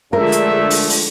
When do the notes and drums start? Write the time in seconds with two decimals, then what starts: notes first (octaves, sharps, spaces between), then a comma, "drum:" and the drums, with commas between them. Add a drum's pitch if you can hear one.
0.13 D3 F3 G#3 A3 D4 A#4 E5
0.32 drum: hi-hat
0.70 drum: open hi-hat
0.89 drum: open hi-hat